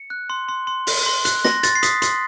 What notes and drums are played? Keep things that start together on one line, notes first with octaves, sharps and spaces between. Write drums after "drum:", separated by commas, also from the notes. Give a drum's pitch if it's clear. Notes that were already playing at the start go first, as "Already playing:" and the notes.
Already playing: C#7
F#6
C6
C6
C6
C6, drum: open hi-hat
C6
F#6, drum: hi-hat
C6 A#6, drum: snare
C6 A6, drum: hi-hat
C7
D#6 B6, drum: hi-hat
C6, drum: hi-hat